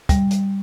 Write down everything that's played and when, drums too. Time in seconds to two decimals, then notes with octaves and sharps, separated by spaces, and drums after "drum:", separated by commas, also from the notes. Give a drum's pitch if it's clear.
0.09 G3, drum: kick, hi-hat
0.31 drum: hi-hat